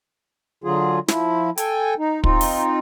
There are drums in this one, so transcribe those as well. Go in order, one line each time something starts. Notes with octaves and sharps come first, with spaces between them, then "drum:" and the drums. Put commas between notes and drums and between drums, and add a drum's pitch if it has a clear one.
D3 F#3 F4 G#4
F3 E4, drum: snare
A4 G5 G#5, drum: hi-hat
D#4
C4 D#4 F4, drum: kick
drum: open hi-hat